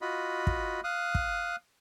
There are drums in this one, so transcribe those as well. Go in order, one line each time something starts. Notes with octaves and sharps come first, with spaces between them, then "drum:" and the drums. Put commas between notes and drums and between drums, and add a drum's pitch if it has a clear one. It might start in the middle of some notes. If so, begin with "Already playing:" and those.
F4 F#4 D#5 B5
drum: kick
F5 D#6 F#6
drum: kick